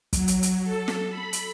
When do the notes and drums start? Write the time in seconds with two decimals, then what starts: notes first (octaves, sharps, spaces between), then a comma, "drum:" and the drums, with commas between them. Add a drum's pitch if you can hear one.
0.13 F#3, drum: kick, hi-hat
0.28 drum: hi-hat
0.43 drum: hi-hat
0.64 A4
0.88 drum: snare
1.09 B5
1.33 drum: hi-hat